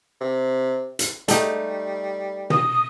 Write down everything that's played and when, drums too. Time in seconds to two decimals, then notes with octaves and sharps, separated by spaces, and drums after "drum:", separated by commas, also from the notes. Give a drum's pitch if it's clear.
0.21 C3
0.99 drum: hi-hat
1.28 G3 A3 D#4 G4, drum: hi-hat
2.50 D#6, drum: tom